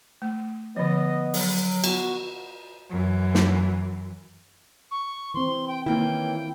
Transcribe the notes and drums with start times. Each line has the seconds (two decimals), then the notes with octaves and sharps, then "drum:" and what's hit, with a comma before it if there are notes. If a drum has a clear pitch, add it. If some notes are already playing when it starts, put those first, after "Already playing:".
0.22 A3
0.77 D3 F3 B3 D#5
1.34 F#3, drum: open hi-hat
1.84 B3 F#4, drum: cymbal
2.90 F#2 E3
3.35 drum: snare
4.91 C#6
5.34 E3 C4 C6
5.68 G5
5.86 D#3 E3 A#3 C#4 E4 G5